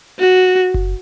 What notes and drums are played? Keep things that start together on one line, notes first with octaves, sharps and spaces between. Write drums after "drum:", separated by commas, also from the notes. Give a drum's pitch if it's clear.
F#4
drum: kick F#1